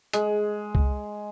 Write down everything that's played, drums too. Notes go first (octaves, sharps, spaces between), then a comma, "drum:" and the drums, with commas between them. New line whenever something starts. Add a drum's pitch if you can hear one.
G#3, drum: hi-hat
drum: kick C2